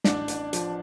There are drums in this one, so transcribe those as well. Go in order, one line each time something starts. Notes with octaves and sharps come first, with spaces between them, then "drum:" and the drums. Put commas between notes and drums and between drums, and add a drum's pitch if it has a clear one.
A1 D4 D5, drum: snare
A1, drum: hi-hat
F3, drum: hi-hat